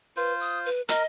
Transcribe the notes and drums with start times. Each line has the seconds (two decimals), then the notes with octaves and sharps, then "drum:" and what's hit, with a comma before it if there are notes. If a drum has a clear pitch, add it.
0.17 F4 B4 C5
0.40 D#6
0.66 B4
0.89 A#4 D#5, drum: hi-hat